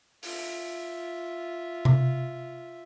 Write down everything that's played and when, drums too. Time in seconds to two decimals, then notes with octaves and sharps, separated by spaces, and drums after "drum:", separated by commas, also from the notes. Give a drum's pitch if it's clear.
0.23 F4 E5, drum: open hi-hat
1.85 drum: tom C3